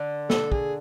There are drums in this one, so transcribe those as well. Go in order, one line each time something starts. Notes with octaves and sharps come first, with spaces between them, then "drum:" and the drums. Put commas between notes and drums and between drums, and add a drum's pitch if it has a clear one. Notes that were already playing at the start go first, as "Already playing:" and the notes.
Already playing: D3
A4, drum: snare
G#4, drum: kick